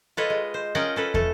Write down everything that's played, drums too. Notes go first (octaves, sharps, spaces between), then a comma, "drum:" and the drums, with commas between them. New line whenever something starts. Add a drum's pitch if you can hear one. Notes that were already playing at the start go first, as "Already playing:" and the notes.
F4 A4 B4 C#5 D#5
G#3
C5
C#4 F4 A#4 D#5 F#5 G5
C#4 A4 B4
A3 A4, drum: kick